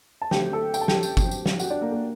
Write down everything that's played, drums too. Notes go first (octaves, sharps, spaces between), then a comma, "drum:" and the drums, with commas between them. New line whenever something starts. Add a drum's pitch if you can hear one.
A5
D3 F#3 A3 C4 G4 G5, drum: snare
A4 A5
G5, drum: tambourine
A5
G4 G5, drum: snare
drum: tambourine
G2 F#3 C4, drum: kick, tambourine
drum: tambourine
drum: snare
F#4 F#5, drum: tambourine
D4 D5
A#3 A#4
A#3 A#4